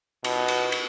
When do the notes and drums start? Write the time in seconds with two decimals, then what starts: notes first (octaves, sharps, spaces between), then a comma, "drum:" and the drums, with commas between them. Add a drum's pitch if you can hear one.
0.24 B2, drum: cymbal
0.48 drum: cymbal
0.72 drum: cymbal